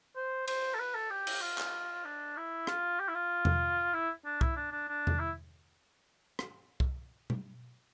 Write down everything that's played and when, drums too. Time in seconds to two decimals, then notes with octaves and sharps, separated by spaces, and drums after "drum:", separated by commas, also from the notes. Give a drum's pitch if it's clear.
0.16 C5
0.48 C5, drum: cymbal
0.74 A4
0.79 B4
0.95 A4
1.10 G4
1.27 drum: cymbal
1.42 F4
1.58 drum: clap
2.05 D4
2.37 E4
2.67 F4, drum: rim click
3.00 G4
3.08 E4
3.15 F4
3.45 drum: tom E2
3.93 E4
4.26 D4
4.41 E4, drum: kick C2
4.57 D4
4.72 D4
4.88 D4
5.07 drum: tom E2
5.19 E4
6.39 drum: rim click
6.80 drum: kick C2
7.30 drum: tom B2